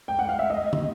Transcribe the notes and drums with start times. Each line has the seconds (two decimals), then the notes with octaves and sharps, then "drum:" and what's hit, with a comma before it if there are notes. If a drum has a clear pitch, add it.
0.08 G5
0.19 F#5
0.29 F5
0.39 E5
0.50 D#5
0.73 drum: tom